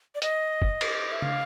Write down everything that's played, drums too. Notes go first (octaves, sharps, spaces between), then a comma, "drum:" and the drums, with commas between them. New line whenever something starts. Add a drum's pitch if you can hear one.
D5
D#5, drum: hi-hat
drum: kick
drum: cymbal
E5
F5, drum: tom